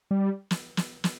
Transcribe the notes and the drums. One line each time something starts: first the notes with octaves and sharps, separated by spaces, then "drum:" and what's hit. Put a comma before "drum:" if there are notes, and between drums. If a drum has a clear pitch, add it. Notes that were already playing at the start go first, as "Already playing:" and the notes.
G3
drum: snare
drum: snare
drum: snare